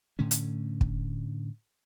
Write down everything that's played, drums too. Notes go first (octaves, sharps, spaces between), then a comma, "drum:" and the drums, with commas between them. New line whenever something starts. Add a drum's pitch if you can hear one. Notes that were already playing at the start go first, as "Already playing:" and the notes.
A2 D3 A3 C#4
drum: hi-hat
drum: kick